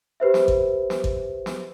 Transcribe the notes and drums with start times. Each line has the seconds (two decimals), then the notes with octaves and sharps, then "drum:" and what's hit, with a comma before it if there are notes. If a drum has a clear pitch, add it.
0.20 G4 B4 C5 E5
0.34 drum: snare
0.48 drum: kick A1
0.90 drum: snare
1.04 drum: kick A1
1.46 drum: snare